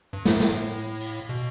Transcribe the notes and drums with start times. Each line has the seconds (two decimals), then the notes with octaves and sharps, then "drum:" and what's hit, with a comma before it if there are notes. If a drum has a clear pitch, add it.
0.13 G2
0.25 A2, drum: snare
0.40 drum: snare
1.00 drum: cymbal
1.29 B2